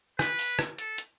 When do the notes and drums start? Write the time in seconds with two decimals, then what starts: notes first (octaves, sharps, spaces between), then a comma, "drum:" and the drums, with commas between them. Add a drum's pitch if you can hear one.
0.19 B4, drum: rim click
0.39 drum: open hi-hat
0.59 drum: rim click
0.79 A4, drum: hi-hat
0.98 drum: hi-hat